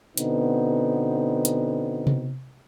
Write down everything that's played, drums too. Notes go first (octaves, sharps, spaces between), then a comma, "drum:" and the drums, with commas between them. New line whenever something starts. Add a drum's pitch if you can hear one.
B2 D3 B3 C4 D#4, drum: hi-hat
drum: hi-hat
drum: tom C3